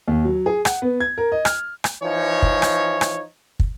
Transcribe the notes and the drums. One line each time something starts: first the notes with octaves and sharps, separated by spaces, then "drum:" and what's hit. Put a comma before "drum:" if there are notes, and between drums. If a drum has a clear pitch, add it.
D#2
F#3
G#4
F#5, drum: rim click
B3
G#6
A#4
D#5
F6, drum: rim click
drum: rim click
E3 F3 D#4 C#5
drum: kick
drum: rim click
drum: rim click
drum: kick